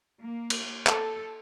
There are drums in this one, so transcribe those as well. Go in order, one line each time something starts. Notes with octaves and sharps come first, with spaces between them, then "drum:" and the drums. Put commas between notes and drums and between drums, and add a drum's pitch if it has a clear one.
A#3
drum: cymbal
A4, drum: clap